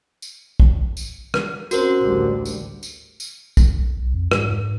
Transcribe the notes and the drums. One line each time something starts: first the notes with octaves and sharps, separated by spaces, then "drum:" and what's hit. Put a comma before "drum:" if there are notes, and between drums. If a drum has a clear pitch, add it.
drum: tambourine
drum: kick
drum: tambourine
drum: rim click
C4 C#4 F#4 A#4 C5, drum: tambourine
A1 D2 G3
drum: tambourine
drum: tambourine
drum: tambourine
drum: kick, tambourine
A#1
B1
F2
G#2, drum: rim click
G#2